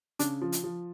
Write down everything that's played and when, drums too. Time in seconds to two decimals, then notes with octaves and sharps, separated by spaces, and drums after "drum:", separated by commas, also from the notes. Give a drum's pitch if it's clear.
0.19 C#3 D4, drum: hi-hat
0.41 F3
0.52 drum: hi-hat
0.64 F3